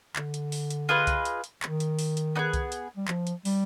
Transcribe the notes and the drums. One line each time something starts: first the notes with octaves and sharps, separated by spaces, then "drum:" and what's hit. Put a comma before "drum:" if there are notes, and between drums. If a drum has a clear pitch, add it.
D3, drum: clap
drum: hi-hat
drum: open hi-hat
drum: hi-hat
F4 G#4 B4 D#5
drum: kick C2, hi-hat
drum: hi-hat
drum: hi-hat
D#3, drum: clap
drum: hi-hat
drum: open hi-hat
drum: hi-hat
B3 D#4 G#4
drum: kick C2, hi-hat
drum: hi-hat
G3
F3, drum: clap
drum: hi-hat
G3, drum: open hi-hat